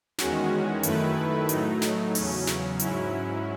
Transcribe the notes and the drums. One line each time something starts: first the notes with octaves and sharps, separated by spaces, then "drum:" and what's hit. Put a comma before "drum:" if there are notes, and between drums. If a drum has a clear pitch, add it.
E2 D#3 G#3 C#4 F#4, drum: snare
F#2 D#3 A3 E4 B4, drum: hi-hat
A2 F#3 A3 D#4, drum: hi-hat
drum: snare
E2 C#3 F#3 C#4, drum: open hi-hat
drum: snare
G#2 F#3 C#4 E4, drum: hi-hat